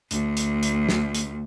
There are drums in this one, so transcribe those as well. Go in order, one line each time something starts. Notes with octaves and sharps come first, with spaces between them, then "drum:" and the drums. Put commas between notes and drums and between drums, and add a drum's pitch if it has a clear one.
D2, drum: hi-hat
drum: hi-hat
drum: hi-hat
drum: snare
drum: hi-hat